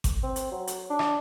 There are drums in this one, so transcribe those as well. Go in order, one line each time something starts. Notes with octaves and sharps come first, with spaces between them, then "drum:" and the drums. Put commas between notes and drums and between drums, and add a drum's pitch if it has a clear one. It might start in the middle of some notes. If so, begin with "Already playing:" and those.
drum: kick G#1, hi-hat
C4
drum: hi-hat
F#3
drum: hi-hat
D4
drum: rim click